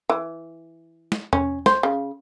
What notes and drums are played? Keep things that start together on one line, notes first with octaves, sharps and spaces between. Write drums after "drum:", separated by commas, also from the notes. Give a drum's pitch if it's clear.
E3
drum: snare
C#4, drum: tom E2
C5, drum: snare
C#3